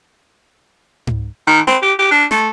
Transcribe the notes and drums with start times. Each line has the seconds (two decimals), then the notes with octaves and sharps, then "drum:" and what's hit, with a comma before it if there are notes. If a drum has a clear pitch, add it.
1.07 drum: tom G#2
1.47 D#3
1.67 C4, drum: snare
1.82 G4
1.99 G4
2.11 D4
2.31 A3, drum: snare